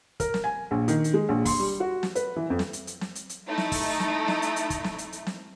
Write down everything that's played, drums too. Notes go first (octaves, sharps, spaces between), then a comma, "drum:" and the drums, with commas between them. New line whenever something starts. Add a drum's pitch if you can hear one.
A#4, drum: kick, hi-hat
drum: snare
G#5
A#1
D#3, drum: hi-hat
drum: hi-hat
G#3
A#1
C6, drum: kick, open hi-hat
G3
F#4
drum: snare
B4, drum: hi-hat
E3
F2
drum: snare
drum: hi-hat
drum: hi-hat
drum: snare
drum: hi-hat
drum: hi-hat
A3 D#4 E4
drum: snare
drum: kick, open hi-hat
drum: snare
drum: snare
drum: hi-hat
drum: hi-hat
drum: kick, hi-hat
drum: snare
drum: hi-hat
drum: hi-hat
drum: snare